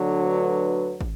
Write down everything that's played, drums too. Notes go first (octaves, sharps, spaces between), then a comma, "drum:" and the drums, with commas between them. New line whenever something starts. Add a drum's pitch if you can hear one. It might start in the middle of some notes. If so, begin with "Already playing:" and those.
Already playing: D2 D3 F#3
B4
drum: kick